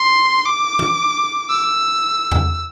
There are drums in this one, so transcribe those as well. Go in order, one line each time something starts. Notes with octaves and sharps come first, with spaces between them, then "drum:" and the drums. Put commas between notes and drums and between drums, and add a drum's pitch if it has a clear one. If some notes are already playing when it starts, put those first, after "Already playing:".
Already playing: C6
D6
drum: tom
E6
drum: tom E2